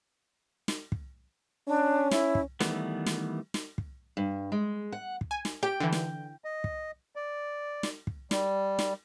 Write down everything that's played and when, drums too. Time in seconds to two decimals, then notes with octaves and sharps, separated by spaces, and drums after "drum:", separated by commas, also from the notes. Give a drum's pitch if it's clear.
0.68 drum: snare
0.92 drum: kick
1.68 C#4 D4
2.11 E4, drum: snare
2.35 drum: kick
2.60 D#3 E3 G3 A3 B3, drum: snare
3.06 drum: snare
3.54 drum: snare
3.78 drum: kick
4.17 G2
4.52 G#3
4.92 F#5
5.21 drum: kick
5.31 G#5
5.45 drum: snare
5.63 G4 G5
5.80 D3 E3
5.93 drum: snare
6.44 D#5
6.64 drum: kick
7.16 D5
7.83 drum: snare
8.07 drum: kick
8.31 G3, drum: snare
8.79 drum: snare